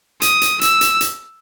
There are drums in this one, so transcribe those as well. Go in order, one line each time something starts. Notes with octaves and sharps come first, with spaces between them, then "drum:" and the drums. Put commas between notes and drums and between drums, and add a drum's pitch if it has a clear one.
D#6, drum: hi-hat
drum: hi-hat
E6, drum: hi-hat
drum: hi-hat
drum: hi-hat